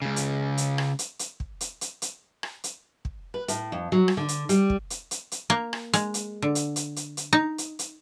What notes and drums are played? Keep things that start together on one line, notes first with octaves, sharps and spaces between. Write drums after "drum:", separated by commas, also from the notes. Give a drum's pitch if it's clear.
C#2 C#3
drum: hi-hat
drum: hi-hat
drum: rim click
drum: hi-hat
drum: hi-hat
drum: kick
drum: hi-hat
drum: hi-hat
drum: hi-hat
drum: rim click
drum: hi-hat
drum: kick
B4
A2, drum: hi-hat
F2
F#3
drum: rim click
D3
drum: hi-hat
G3, drum: hi-hat
drum: kick
drum: hi-hat
drum: hi-hat
drum: hi-hat
A#3
drum: rim click
G#3, drum: hi-hat
drum: hi-hat
D3
drum: hi-hat
drum: hi-hat
drum: hi-hat
drum: hi-hat
D#4
drum: hi-hat
drum: hi-hat